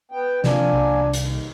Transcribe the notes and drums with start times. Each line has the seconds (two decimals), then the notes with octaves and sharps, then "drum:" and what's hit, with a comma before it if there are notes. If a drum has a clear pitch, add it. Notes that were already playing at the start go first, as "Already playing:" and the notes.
0.11 B3 G5
0.44 C3 E3 F3 A#3 D4 G#5, drum: snare
0.73 C2
1.14 D#2, drum: hi-hat